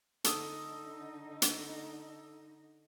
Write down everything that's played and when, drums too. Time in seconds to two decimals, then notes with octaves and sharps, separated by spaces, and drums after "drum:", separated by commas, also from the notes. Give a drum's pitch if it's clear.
0.24 D3 D#4 A4 D#6, drum: hi-hat
1.42 drum: hi-hat